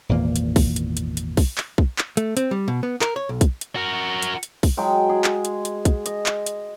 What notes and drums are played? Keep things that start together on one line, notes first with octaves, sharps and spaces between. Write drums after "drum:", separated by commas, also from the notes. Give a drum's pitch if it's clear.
G#1 E2 A#2 A#3
drum: hi-hat
drum: kick, open hi-hat
drum: hi-hat
drum: hi-hat
drum: hi-hat
drum: kick, open hi-hat
drum: clap
drum: kick
drum: clap
A3, drum: hi-hat
C4, drum: hi-hat
G3
B2
B3
A#4, drum: clap
C#5
B1
drum: kick, hi-hat
drum: hi-hat
F#4 A#4
drum: hi-hat
drum: hi-hat
drum: kick, open hi-hat
F#3 G#3 G5
G#4
drum: clap
drum: hi-hat
drum: hi-hat
drum: kick, hi-hat
D#5, drum: hi-hat
drum: clap
drum: hi-hat